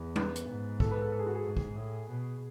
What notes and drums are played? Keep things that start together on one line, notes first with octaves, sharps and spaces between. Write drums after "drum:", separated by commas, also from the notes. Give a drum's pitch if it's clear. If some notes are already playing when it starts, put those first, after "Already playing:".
Already playing: E2
B3, drum: tom G3
drum: hi-hat
G#2
A4, drum: kick
B4
A4
A4
G#4
F#4
G#4
G#2
drum: kick
A2
B2